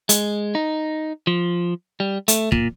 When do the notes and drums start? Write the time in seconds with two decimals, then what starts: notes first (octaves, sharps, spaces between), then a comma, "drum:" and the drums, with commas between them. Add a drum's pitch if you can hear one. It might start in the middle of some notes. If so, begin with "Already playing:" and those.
0.09 G#3, drum: hi-hat
0.55 D#4
1.27 F3
2.00 G3
2.28 A3, drum: hi-hat
2.52 A#2, drum: kick